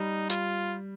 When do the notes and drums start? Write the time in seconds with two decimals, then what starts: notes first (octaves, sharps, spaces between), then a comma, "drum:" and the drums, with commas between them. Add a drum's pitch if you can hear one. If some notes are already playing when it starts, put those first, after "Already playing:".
Already playing: G3 D#4
0.30 F4, drum: hi-hat